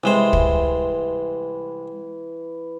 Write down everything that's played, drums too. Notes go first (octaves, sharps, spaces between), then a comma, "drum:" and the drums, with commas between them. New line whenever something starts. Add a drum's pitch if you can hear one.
C2 E3 G#3 C5
drum: kick